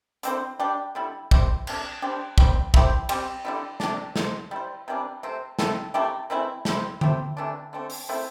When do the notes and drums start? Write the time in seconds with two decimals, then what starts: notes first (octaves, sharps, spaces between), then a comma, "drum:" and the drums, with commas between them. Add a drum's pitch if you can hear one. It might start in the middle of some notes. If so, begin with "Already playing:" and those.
0.23 D3 C4 E4 C5, drum: hi-hat
0.59 G3 D4 G4
0.95 D3 G3 E4
1.31 G3 E4 G4 C5, drum: kick
1.67 C3 A3 D4, drum: cymbal
2.02 G3 D4 G4 C5
2.38 G3 C4 A4 C5, drum: kick
2.74 A3 E4 G4 C5, drum: kick
3.09 G3 C4 G4, drum: cymbal
3.45 D3 G3 C4 E4
3.80 C3 A3 D4, drum: snare
4.16 A3 E4 C5, drum: snare
4.51 G3 E4 C5
4.88 C3 E3 G3 D4
5.23 C3 A3 C4
5.59 A3 C4 E4 A4, drum: snare
5.94 C3 A3 E4 G4
6.30 E3 A3 C4 E4
6.65 A3 C4 E4 C5, drum: snare
7.01 A3 E4 G4 C5, drum: tom D3
7.37 C3 E3 A3 D4
7.73 D3 A3 C4
7.90 drum: open hi-hat
8.09 A3 C4 E4 C5